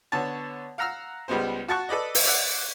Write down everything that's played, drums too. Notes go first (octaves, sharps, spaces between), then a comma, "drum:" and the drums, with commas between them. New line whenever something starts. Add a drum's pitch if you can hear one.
D3 B3 C#5 A5
F5 F#5 A#5 E6 F6
C#2 G3 G#3 B3 C5
F#4 A5 C#6 F#6
A4 B4 D5 D#5
drum: open hi-hat
D5 E5 F#5